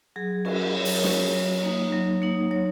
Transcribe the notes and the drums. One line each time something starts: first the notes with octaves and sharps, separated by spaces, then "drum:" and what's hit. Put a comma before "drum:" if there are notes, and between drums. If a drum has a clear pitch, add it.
F#3 G#4
C#4 F#4 A#4, drum: cymbal
F#3 C#5
A#4, drum: open hi-hat
C#5
C#4 F#4, drum: snare
F#3
A#3 D#4
F#3
A#3 D#4
F#3 C#5